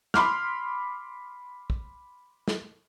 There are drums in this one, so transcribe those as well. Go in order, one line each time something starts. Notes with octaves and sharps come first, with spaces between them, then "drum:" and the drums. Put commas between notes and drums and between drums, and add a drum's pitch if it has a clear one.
B5 C6 D6 F6, drum: snare
drum: kick
drum: snare